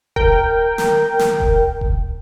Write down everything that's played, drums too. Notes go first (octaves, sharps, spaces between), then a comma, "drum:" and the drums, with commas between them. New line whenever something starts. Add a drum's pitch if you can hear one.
A#4 G5, drum: kick D#1
drum: snare
drum: snare
drum: kick D#1
drum: kick D#1